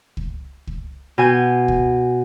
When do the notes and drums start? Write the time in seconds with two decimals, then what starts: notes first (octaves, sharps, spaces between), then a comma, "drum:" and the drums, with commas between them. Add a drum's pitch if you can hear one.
0.17 drum: kick
0.67 drum: kick
1.18 B2 G#5 G6
1.68 drum: kick